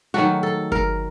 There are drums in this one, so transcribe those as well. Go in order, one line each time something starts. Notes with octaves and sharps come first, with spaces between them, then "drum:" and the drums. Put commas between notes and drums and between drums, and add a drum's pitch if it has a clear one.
D#3 F#3 A3 F#4
A4
A#4, drum: kick G1